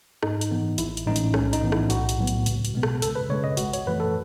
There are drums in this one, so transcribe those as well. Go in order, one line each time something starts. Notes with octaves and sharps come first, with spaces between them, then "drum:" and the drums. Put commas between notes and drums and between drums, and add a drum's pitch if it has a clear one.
G#2 D#4, drum: rim click
drum: hi-hat
E3 B3
A1 E4, drum: hi-hat
drum: hi-hat
A2 E3 G#3 C#4 D#4
drum: hi-hat
B1 C#4, drum: rim click
D#4, drum: hi-hat
A2 E3 B3
E4, drum: rim click
B1 F#4, drum: hi-hat
drum: hi-hat
A2 F#3 B3
drum: hi-hat
C#2, drum: hi-hat
drum: hi-hat
B2 G#3 B3
drum: rim click
C#2 A4, drum: hi-hat
B4
C#3 G#3 C#5
D#5
G#1 F#4, drum: hi-hat
C#5, drum: hi-hat
F#2 E3 A3 B4
A4